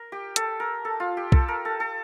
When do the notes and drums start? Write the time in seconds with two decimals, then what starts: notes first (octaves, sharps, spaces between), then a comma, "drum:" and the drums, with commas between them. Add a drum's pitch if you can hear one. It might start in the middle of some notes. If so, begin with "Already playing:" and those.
Already playing: A#4
0.12 G4
0.36 A4, drum: hi-hat
0.60 A#4
0.85 A4
1.00 F4
1.17 G4
1.32 A4, drum: kick
1.48 A#4
1.65 A4
1.80 A4